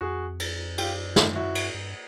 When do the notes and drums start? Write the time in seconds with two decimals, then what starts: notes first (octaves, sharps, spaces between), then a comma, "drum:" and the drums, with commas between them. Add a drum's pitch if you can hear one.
0.01 F2 F#4 G#4
0.40 drum: cymbal
0.78 F#2 F4 G4, drum: cymbal
1.16 D#4 F4, drum: snare
1.35 E4 F#4
1.55 G2, drum: cymbal
1.74 G2